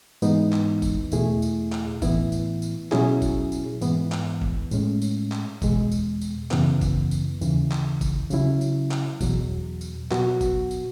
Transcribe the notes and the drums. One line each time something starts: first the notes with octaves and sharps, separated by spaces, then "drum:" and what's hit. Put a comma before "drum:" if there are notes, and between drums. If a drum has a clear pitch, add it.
G#2 E3 G#3 B3 D#4, drum: tambourine
drum: clap
drum: kick, tambourine
E2 B2 A3 E4 G#4, drum: tambourine
drum: tambourine
drum: clap
A2 E3 B3 E4, drum: kick, tambourine
drum: tambourine
drum: tambourine
B2 F#3 C#4 E4 G#4, drum: clap
drum: kick, tambourine
drum: tambourine
G#2 E3 B3, drum: tambourine
drum: clap
drum: kick
A2 G#3 C#4, drum: tambourine
drum: tambourine
drum: clap
E2 B2 G#3, drum: kick, tambourine
drum: tambourine
drum: tambourine
F#2 C#3 E3 B3, drum: clap
drum: kick, tambourine
drum: tambourine
D#2 C#3 E3, drum: tambourine
drum: clap
drum: kick, tambourine
C#3 F#3 C#4 E4, drum: tambourine
drum: tambourine
drum: clap
E2 B2 F#3, drum: kick, tambourine
drum: tambourine
B2 F#3 B3 F#4, drum: clap
drum: kick, tambourine
drum: tambourine